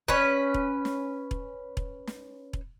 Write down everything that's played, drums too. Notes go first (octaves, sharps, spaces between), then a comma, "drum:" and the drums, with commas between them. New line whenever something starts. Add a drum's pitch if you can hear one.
C#4 B4, drum: kick E1
drum: kick E1
drum: snare
drum: kick E1
drum: kick E1
drum: snare
drum: kick E1